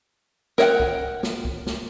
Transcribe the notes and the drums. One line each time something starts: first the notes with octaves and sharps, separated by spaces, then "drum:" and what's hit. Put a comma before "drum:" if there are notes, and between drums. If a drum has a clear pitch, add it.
A#4 C#5 E5 F#5 G5, drum: snare
drum: kick C2
drum: snare
drum: kick C2
drum: snare